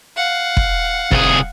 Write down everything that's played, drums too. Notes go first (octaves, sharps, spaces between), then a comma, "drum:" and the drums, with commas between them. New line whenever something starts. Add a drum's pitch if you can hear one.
F5 F#5
drum: kick
C2 G#4, drum: kick